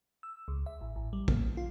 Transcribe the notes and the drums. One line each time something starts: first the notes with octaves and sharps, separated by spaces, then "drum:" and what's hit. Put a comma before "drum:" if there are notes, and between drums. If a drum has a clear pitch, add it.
E6
C#2
E5
A1
A1
G3
A#3, drum: kick
F4